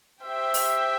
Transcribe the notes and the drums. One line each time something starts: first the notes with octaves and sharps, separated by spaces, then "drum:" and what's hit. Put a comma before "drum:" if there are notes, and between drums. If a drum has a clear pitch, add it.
G4 C5 E5 G5 E6
drum: open hi-hat